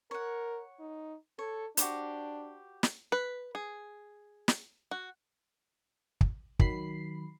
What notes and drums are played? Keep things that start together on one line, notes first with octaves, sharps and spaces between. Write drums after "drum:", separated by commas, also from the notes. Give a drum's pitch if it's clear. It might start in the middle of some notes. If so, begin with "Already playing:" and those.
A#4 C#5 F#5
D#4
A4 C#5
D4 F#4 G4 C5, drum: hi-hat
drum: snare
B4
G#4
drum: snare
F#4
drum: kick
D#3 F#3 B5 C7, drum: kick